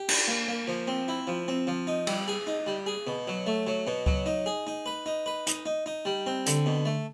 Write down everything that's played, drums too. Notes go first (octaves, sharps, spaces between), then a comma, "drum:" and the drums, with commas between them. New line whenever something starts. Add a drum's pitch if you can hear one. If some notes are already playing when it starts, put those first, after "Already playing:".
Already playing: G4
D4, drum: cymbal
A#3
A#3
F3
C4
E4
F3
C4
F3
D#4
G3, drum: cymbal
G#4
D#4
G3
G#4
B2
F#3
A3
F#3
B2
F#3, drum: kick C#2
D#4
G#4
D#4
B4
D#4
B4
D#4, drum: hi-hat
D#4
D#4
G3
C4
D3, drum: hi-hat
B2
A3